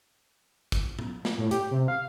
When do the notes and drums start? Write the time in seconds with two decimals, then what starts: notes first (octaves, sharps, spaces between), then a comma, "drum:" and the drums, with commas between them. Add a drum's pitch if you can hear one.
0.72 drum: kick, hi-hat
0.99 drum: tom A2
1.25 drum: snare
1.38 A2
1.51 G4, drum: hi-hat
1.71 C3
1.88 F5